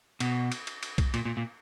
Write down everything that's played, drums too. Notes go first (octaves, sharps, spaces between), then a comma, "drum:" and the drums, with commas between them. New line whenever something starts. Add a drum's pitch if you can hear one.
B2, drum: cymbal
drum: cymbal
drum: cymbal
drum: cymbal
drum: kick C2, cymbal
A#2, drum: cymbal
A#2
A#2